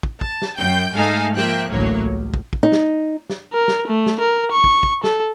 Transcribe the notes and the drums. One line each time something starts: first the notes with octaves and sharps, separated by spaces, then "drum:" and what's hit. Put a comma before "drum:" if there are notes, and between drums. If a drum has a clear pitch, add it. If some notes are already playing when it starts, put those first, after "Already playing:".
drum: kick
A5, drum: kick
drum: snare
F#2 G5 G6
G#2 A3 D#4 A4 F5 G#5
F3 A#3 E5 G5 F#6, drum: snare
A1 D2 F#3 A#3 C#5
C#2
drum: kick
drum: kick
D#4
drum: snare
drum: snare
A#4
drum: snare
A3
drum: snare
A#4
C#6
drum: kick
drum: kick
A4, drum: snare